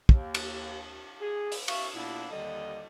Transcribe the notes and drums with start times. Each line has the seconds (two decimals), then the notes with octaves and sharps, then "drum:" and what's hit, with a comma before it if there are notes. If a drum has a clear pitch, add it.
0.09 D#2, drum: kick
0.34 drum: cymbal
1.21 G#4
1.52 drum: open hi-hat
1.68 E5 F5 C#6, drum: cymbal
1.94 A#2 A#3 B3 D4 E4
2.31 D#2 D3 D#3 G3 D#5